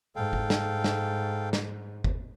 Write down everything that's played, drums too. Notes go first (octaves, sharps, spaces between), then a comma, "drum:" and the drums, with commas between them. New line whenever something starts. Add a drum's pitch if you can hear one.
G#2 A4 F5 G5
drum: kick G1
drum: snare
drum: snare
drum: snare
drum: kick G1